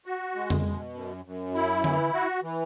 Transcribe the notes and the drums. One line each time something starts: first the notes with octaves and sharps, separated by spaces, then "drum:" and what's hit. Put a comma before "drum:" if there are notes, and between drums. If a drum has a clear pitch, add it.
F#4
G#3
drum: tom
B2
F#2
F#2
E4
E3, drum: tom D3
F#4
E3